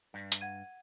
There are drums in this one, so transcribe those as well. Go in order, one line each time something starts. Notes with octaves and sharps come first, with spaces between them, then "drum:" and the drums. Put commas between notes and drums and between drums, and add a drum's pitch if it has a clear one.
G2
drum: hi-hat
F#5 G#6 D#7